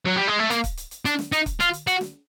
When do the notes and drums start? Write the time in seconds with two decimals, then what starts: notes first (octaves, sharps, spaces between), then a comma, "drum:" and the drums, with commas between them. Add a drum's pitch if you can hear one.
0.06 F#3
0.17 G3
0.28 G#3
0.39 A3
0.50 A#3, drum: hi-hat
0.64 drum: kick, hi-hat
0.77 drum: hi-hat
0.91 drum: hi-hat
1.05 D4, drum: hi-hat
1.19 drum: snare
1.32 D#4, drum: hi-hat
1.46 drum: kick, hi-hat
1.60 F4, drum: hi-hat
1.73 drum: hi-hat
1.87 F#4, drum: hi-hat
2.01 drum: snare